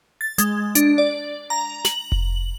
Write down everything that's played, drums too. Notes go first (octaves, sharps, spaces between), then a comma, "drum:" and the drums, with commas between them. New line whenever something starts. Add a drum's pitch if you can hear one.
A6
G#3, drum: hi-hat
D4, drum: hi-hat
D5
A#5
F#7, drum: snare
drum: kick F1